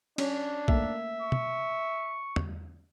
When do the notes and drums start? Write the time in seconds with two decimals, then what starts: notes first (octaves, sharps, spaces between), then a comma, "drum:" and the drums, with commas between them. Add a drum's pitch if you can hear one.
0.18 C#4 D4, drum: cymbal
0.68 A3 A#3 E5, drum: kick
1.22 C#6
1.32 drum: tom
2.36 drum: tom E2